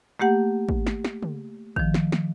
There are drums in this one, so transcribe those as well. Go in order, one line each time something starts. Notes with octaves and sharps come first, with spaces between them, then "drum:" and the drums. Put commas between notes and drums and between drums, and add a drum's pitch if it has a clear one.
A3 A#3 G4 F#5
drum: kick
drum: snare
drum: snare
drum: tom C#3
D#3 F3, drum: kick
drum: snare
drum: snare